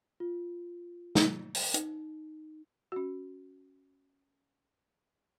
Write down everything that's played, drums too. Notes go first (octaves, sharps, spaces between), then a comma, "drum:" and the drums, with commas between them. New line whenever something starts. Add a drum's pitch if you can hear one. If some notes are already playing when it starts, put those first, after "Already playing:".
F4
drum: snare
drum: open hi-hat
D#4, drum: hi-hat
C#4 F#4